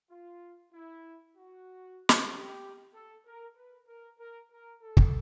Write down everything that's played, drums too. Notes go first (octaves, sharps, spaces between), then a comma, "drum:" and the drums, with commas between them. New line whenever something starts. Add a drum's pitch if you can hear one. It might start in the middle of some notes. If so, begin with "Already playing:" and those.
F4
E4
F#4
drum: snare
G4
A4
A#4
B4
A#4
A#4
A#4
A4
drum: kick